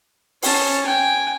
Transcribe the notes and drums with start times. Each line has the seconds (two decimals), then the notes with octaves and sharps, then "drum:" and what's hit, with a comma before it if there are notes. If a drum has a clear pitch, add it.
0.42 C#4 A5, drum: open hi-hat
0.83 G5 G#5